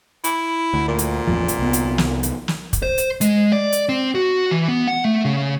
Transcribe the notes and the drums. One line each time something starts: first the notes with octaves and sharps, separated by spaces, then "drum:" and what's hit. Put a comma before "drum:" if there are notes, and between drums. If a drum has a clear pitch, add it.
E4, drum: hi-hat
D2
A#2
drum: hi-hat
A1 E2 F3
drum: hi-hat
C2 B3
drum: hi-hat
drum: snare
drum: hi-hat
drum: snare
drum: kick, hi-hat
C5
drum: hi-hat
G#3, drum: hi-hat
D5
drum: hi-hat
C4
F#4
E3
B3
F#5
A3
C#3